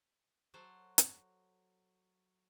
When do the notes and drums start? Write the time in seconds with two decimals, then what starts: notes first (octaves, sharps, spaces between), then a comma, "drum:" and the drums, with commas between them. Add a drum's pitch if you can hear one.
0.54 F#3 A4 C5
0.98 drum: hi-hat